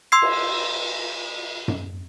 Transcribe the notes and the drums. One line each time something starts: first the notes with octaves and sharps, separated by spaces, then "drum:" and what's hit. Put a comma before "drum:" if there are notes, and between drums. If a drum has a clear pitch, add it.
C6 E6 G#6 C7
drum: cymbal
drum: tom F#2